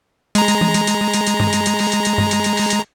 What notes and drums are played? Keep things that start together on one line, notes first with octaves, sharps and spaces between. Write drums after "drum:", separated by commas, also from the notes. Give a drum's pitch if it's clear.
G#3 A#5, drum: hi-hat
drum: hi-hat
drum: tom E3
drum: hi-hat
drum: hi-hat
drum: hi-hat
drum: hi-hat
drum: tom G2
drum: hi-hat
drum: hi-hat
drum: open hi-hat
drum: hi-hat
drum: hi-hat
drum: tom G2
drum: hi-hat
drum: hi-hat
drum: open hi-hat
drum: hi-hat